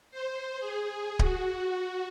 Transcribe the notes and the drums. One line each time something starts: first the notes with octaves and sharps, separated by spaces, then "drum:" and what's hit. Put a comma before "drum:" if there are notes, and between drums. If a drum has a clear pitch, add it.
C5
G#4
F#4, drum: kick D1